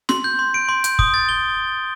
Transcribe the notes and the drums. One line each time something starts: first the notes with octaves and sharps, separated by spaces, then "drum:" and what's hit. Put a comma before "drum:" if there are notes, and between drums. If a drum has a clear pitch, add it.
C6, drum: snare
G6
C6
D7
C6
G6, drum: hi-hat
D#6, drum: kick
A6
G7